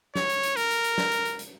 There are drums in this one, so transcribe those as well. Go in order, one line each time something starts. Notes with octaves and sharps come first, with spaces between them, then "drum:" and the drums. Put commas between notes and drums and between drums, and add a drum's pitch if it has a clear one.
C#5, drum: snare
drum: hi-hat
drum: hi-hat
A#4, drum: hi-hat
drum: hi-hat
drum: hi-hat
drum: snare
drum: hi-hat
drum: hi-hat
drum: hi-hat